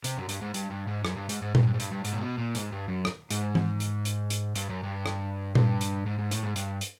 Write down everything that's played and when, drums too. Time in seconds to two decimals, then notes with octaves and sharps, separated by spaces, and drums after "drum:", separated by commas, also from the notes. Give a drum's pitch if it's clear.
0.04 C3, drum: hi-hat
0.17 F#2
0.29 G2, drum: hi-hat
0.42 G#2
0.54 G2, drum: hi-hat
0.71 G2
0.88 G#2
1.05 F#2, drum: rim click
1.17 G2
1.29 G#2, drum: hi-hat
1.42 G#2
1.55 G2, drum: tom A#2
1.63 G#2
1.67 G2
1.74 G#2
1.80 G2, drum: hi-hat
1.92 G2
2.05 G#2, drum: hi-hat
2.14 A#2
2.22 B2
2.38 A#2
2.55 G#2, drum: hi-hat
2.72 G2
2.88 F#2
3.05 drum: rim click
3.30 G#2, drum: hi-hat
3.55 drum: tom E3
3.80 drum: hi-hat
4.05 drum: hi-hat
4.30 drum: hi-hat
4.55 G2, drum: hi-hat
4.69 F#2
4.83 G2
5.06 drum: rim click
5.55 G2, drum: tom A#2
5.81 drum: hi-hat
6.06 G#2
6.19 G#2
6.31 A2, drum: hi-hat
6.43 G#2
6.56 G2, drum: hi-hat
6.81 drum: hi-hat